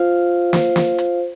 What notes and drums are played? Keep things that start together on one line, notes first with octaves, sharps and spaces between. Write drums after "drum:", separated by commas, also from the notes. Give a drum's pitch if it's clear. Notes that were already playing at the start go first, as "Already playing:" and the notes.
Already playing: F4 C5 F5
F4 C5 F5, drum: snare
drum: snare
drum: hi-hat